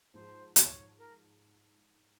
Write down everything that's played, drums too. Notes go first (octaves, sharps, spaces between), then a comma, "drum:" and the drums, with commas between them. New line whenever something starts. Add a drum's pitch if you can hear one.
G#2 F3 G#3 C5
C#5, drum: hi-hat
A#4